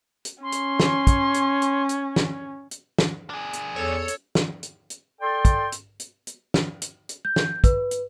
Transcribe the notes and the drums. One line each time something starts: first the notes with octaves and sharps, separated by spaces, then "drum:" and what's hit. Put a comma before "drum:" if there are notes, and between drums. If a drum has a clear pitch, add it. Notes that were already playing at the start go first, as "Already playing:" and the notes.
drum: hi-hat
C#4 C6
drum: hi-hat
drum: snare
drum: kick, hi-hat
drum: hi-hat
drum: hi-hat
drum: hi-hat
drum: snare
drum: hi-hat
drum: snare
D4 G#4
drum: hi-hat
E2 A4 C#5
drum: hi-hat
drum: snare
drum: hi-hat
drum: hi-hat
A4 D5 G5 C6
drum: kick, hi-hat
drum: hi-hat
drum: hi-hat
drum: hi-hat
drum: snare
drum: hi-hat
drum: hi-hat
G6
drum: snare
B4, drum: kick, hi-hat
drum: hi-hat